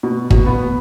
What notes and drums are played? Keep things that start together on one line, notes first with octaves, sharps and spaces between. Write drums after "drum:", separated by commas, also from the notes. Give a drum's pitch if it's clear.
B2
B2, drum: kick
B3